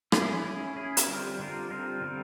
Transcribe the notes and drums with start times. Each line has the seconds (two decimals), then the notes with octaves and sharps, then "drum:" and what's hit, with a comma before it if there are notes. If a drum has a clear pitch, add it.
0.12 C#4 E4 G#4, drum: rim click
0.44 C#4 E4 G#4
0.76 C#4 E4 G#4
0.97 drum: hi-hat
1.08 D3 G3 C4 F4 A#4
1.39 D3 G3 C4 F4 A#4
1.70 D3 G3 C4 F4 A#4
2.02 D3 G3 C4 F4 A#4